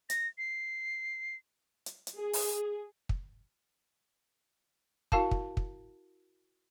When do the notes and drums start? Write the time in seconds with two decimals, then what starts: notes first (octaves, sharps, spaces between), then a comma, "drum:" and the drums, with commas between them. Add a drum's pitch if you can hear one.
0.10 A#6, drum: hi-hat
0.38 C7
1.86 drum: hi-hat
2.07 drum: hi-hat
2.16 G#4
2.33 drum: open hi-hat
3.09 drum: kick
5.12 E4 F#4 A#4 F5 A5, drum: kick
5.31 drum: kick
5.57 drum: kick